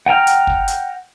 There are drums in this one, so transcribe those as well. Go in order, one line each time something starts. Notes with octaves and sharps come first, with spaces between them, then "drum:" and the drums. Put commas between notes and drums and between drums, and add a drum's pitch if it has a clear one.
F#5 G5 A#5 F6
drum: hi-hat
drum: kick
drum: hi-hat